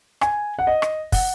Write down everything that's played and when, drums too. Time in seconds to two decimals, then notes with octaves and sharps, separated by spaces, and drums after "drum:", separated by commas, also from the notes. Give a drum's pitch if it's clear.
0.21 G#5, drum: rim click
0.59 F#5
0.67 D#5
0.82 drum: rim click
1.12 F#5, drum: kick, open hi-hat